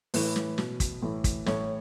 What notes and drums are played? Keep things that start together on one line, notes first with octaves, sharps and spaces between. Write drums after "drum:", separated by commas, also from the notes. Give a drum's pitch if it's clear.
A2 E3 B4, drum: open hi-hat
drum: snare
B2, drum: snare
drum: kick, hi-hat
A2 E3
drum: kick, hi-hat
A2 E3 C#5, drum: snare